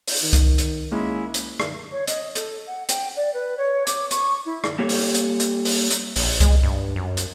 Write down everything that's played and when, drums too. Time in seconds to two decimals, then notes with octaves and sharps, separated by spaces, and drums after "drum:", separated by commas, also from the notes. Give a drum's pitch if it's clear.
0.07 drum: open hi-hat
0.23 D#3
0.33 drum: kick C2, hi-hat
0.58 drum: hi-hat
0.91 G#3 A#3 C#4 E4
1.34 drum: hi-hat
1.60 drum: rim click
1.92 C#5
2.07 D#5, drum: hi-hat
2.35 A4, drum: hi-hat
2.67 F#5
2.89 G5, drum: hi-hat
3.17 D5
3.34 B4
3.58 C#5
3.87 D6, drum: hi-hat
4.11 C#6, drum: hi-hat
4.46 E4
4.64 drum: rim click
4.79 G3 A#3 G4 A4 C#5
4.89 drum: open hi-hat
5.14 drum: hi-hat
5.40 drum: hi-hat
5.65 drum: open hi-hat
5.90 drum: hi-hat
6.16 A#1, drum: open hi-hat
6.40 G#3, drum: kick C2, hi-hat
6.63 G2
6.96 F#2
7.17 drum: hi-hat